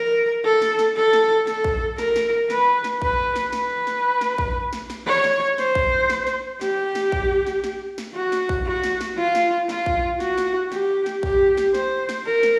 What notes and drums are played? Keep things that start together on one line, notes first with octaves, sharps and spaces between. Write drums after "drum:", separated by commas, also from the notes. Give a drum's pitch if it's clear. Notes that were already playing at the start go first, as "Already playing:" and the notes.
Already playing: A#4
A4
drum: snare
drum: snare
A4
drum: snare
A4, drum: snare
drum: kick A#1
A#4, drum: snare
drum: snare
B4, drum: snare
drum: snare
B4, drum: kick A#1
drum: snare
B4, drum: snare
drum: snare
drum: snare
drum: kick A#1
drum: snare
drum: snare
C#5
drum: snare
C5, drum: snare
drum: kick A#1
drum: snare
drum: snare
G4, drum: snare
drum: snare
drum: kick A#1
drum: snare
drum: snare
drum: snare
F#4
drum: snare
drum: kick A#1
F#4
drum: snare
drum: snare
F4
drum: snare
F4, drum: snare
drum: kick A#1
F#4, drum: snare
drum: snare
G4, drum: snare
drum: snare
G4, drum: kick A#1
drum: snare
C5, drum: snare
drum: snare
A#4
drum: snare